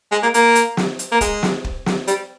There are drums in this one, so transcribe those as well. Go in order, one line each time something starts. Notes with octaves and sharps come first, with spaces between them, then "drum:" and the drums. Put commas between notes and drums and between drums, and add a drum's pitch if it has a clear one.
G#3
A#3
A#3, drum: hi-hat
drum: hi-hat
drum: snare
drum: hi-hat
A#3
G#3, drum: kick, hi-hat
drum: snare
drum: kick
drum: snare
G3, drum: hi-hat